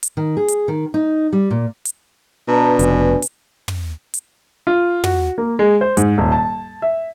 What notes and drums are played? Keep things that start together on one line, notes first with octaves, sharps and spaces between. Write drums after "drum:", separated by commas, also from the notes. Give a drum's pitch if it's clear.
drum: hi-hat
D#3
G#4
drum: hi-hat
D#3
D#4
G3
A#2
drum: hi-hat
B2 D4 B4 A5 A#5
F1 B4 G#5, drum: hi-hat
drum: hi-hat
drum: tom
drum: hi-hat
F4
F#4, drum: tom
A#3
G#3
C5
G#2, drum: hi-hat
D#1
A5
E5